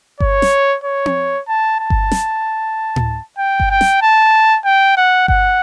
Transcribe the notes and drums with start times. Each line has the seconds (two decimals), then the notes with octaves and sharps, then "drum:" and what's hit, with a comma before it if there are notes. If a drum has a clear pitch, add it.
0.20 C#5, drum: kick G1
0.42 drum: snare
0.84 C#5
1.06 drum: tom C4
1.48 A5
1.80 A5
1.90 drum: kick G1
2.11 drum: snare
2.96 drum: tom A2
3.38 G5
3.60 drum: kick G1
3.71 G5
3.81 drum: snare
4.02 A5
4.65 G5
4.97 F#5
5.28 F#5, drum: kick G1